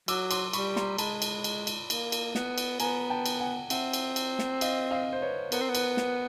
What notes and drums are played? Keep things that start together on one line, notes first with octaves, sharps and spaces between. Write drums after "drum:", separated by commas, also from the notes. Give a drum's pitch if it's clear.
F#3 D6 E6, drum: cymbal
C6 D6, drum: cymbal
G3 B5 C#6, drum: cymbal
A#5 C6, drum: snare
G#3 A5 B5, drum: cymbal
drum: cymbal
drum: cymbal
drum: cymbal
A#3, drum: cymbal
drum: cymbal
B3, drum: snare
drum: cymbal
B3 G#5 A#5, drum: cymbal
G5 A5
drum: cymbal
F#5 G#5
C4 E5 F#5, drum: cymbal
drum: cymbal
drum: cymbal
drum: snare
D#5 F5, drum: cymbal
D#5 F5
C5
B4 C#5
B3 A#4 C5, drum: cymbal
C4
B3
B4, drum: cymbal
B4, drum: snare